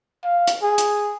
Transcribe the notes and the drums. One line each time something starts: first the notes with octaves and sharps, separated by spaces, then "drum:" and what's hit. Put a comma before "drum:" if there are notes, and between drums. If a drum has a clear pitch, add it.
F5
drum: hi-hat
G#4
drum: hi-hat